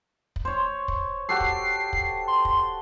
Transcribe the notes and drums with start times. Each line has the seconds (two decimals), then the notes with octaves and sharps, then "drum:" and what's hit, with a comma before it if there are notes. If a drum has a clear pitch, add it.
0.36 drum: kick
0.45 C5 C#5
0.88 drum: kick
1.29 F#4 G4 A4 C7
1.40 drum: kick
1.93 drum: kick
2.28 C6
2.45 drum: kick